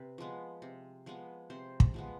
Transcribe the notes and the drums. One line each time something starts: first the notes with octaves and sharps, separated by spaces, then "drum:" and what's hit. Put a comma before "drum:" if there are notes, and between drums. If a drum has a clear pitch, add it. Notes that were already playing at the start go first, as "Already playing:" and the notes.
Already playing: C3 B4
F3 G#3 B3
C3
F3 G#3 B3
C3 C5
drum: kick
F3 G#3 B3